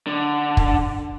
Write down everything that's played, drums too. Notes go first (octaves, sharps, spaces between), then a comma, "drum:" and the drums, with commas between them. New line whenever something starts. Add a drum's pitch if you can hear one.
D3
drum: kick